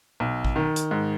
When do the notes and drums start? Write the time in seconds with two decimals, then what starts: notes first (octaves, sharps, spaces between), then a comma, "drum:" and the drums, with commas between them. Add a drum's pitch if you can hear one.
0.20 B1
0.45 drum: kick A1
0.56 D#3
0.76 drum: hi-hat
0.91 G#2